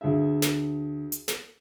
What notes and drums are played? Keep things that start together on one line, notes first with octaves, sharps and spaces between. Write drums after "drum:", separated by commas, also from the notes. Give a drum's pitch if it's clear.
D2 G#4 E5
drum: snare
drum: hi-hat
drum: snare